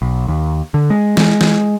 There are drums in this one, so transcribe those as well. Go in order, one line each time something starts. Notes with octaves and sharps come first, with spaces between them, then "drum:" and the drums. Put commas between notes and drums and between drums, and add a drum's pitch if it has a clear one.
B1
D#2
D3
G#3
G#3, drum: snare
drum: snare